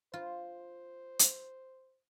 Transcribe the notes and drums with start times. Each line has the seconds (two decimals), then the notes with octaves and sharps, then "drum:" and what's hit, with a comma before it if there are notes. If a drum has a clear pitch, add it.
0.14 F4 C5
1.19 drum: hi-hat